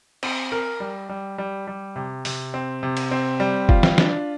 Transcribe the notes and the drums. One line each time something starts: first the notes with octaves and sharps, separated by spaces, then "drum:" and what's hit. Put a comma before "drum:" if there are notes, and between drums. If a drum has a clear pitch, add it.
C4, drum: cymbal
A#4
G3
G3
G3
G3
C3
C3, drum: open hi-hat
C4
C3
drum: cymbal
C4
G3
F4, drum: kick
drum: snare
D4, drum: snare